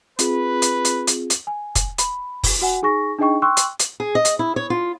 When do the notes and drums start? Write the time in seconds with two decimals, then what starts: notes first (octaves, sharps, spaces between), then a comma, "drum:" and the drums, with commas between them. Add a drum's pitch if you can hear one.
0.19 C4 F4 G#4 B4, drum: hi-hat
0.62 drum: hi-hat
0.85 drum: hi-hat
1.07 drum: hi-hat
1.30 drum: hi-hat
1.47 G#5
1.75 drum: kick, hi-hat
1.98 B5, drum: hi-hat
2.43 drum: kick, open hi-hat
2.61 F#4 F#5 G#5
2.82 D#4 G#4 G#5 C#6 A#6
3.18 D4 D#4 G#4 D#5 G5 C#6
3.42 G5 C6 C#6 E6 F#6
3.57 drum: hi-hat
3.80 drum: hi-hat
4.00 G#4
4.15 D#5
4.25 drum: hi-hat
4.39 E4
4.56 C#5
4.70 F4